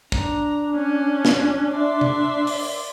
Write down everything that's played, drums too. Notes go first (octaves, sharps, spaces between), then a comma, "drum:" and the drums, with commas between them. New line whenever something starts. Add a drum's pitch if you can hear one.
D4 A#5, drum: kick
C#4
drum: snare
D5 E5 C6
drum: tom C3
drum: open hi-hat